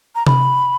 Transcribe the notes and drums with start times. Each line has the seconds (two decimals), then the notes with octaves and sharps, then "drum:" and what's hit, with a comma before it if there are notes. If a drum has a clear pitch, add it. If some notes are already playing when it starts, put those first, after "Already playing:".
0.15 A#5
0.27 B5, drum: tom C3